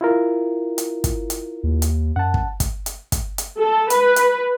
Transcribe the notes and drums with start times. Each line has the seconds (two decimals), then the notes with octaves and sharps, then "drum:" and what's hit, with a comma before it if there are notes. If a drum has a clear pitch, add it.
0.01 E4 F4 A#4
0.78 drum: hi-hat
1.04 drum: kick, hi-hat
1.30 drum: hi-hat
1.64 D#2
1.82 drum: hi-hat
2.16 F#2 F#5 A5
2.34 drum: kick
2.60 drum: kick, hi-hat
2.86 drum: hi-hat
3.12 drum: kick, hi-hat
3.38 drum: hi-hat
3.60 A4
3.90 B4, drum: hi-hat
4.16 drum: hi-hat